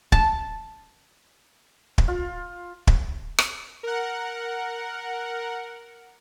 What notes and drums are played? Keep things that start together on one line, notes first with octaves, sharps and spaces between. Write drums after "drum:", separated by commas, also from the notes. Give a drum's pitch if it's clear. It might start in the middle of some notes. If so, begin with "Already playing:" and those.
A5, drum: kick
drum: kick
F4
drum: kick
drum: rim click
A#4 F#5